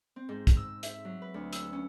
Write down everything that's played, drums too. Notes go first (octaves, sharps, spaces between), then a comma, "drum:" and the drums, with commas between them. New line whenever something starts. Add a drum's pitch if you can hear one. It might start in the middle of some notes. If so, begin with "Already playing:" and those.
C4
G#2
drum: kick, hi-hat
E6
E5, drum: hi-hat
F#3
B4
D2
E6, drum: hi-hat
C#4